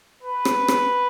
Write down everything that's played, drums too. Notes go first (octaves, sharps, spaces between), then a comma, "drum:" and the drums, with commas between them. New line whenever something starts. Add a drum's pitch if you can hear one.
B4
drum: rim click
drum: rim click